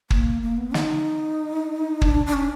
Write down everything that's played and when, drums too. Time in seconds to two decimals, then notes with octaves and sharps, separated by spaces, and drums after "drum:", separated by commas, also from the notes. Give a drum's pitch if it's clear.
0.10 A#3, drum: kick
0.42 A#3
0.57 B3
0.74 D#4, drum: snare
2.02 D4, drum: kick
2.26 D4
2.34 C#4